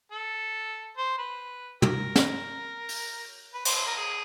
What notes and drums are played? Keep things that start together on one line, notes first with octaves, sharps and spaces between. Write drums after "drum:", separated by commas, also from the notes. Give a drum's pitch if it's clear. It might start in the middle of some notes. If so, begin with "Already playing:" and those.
A4
C5
B4
G4 A#4, drum: tom
drum: snare
drum: open hi-hat
B4
C5, drum: cymbal
C5
A#4
G#4